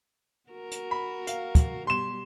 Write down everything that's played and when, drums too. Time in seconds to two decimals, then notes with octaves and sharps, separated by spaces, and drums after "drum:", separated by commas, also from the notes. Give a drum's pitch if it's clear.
0.50 F#4 A#4
0.71 drum: hi-hat
0.91 B5
1.27 F5, drum: hi-hat
1.55 drum: kick, hi-hat
1.87 B2 G3 C6 E7